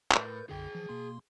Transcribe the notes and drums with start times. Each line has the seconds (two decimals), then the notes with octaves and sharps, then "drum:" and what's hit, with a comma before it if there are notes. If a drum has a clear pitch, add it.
0.12 A2 A#4 B4 G6, drum: clap
0.49 B1 F#2 D3 G#4 G5
0.75 E3 F3
0.89 B2 A#3 C6